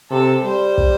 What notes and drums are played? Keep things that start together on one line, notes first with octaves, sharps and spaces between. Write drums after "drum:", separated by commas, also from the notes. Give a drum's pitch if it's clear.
C3 A4
G3 C5
drum: kick